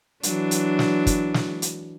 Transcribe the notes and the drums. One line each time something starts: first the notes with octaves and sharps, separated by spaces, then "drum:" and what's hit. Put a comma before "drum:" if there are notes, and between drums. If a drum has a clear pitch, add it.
E3 F#3 D4, drum: hi-hat
drum: hi-hat
drum: snare
drum: kick, hi-hat
drum: snare
drum: hi-hat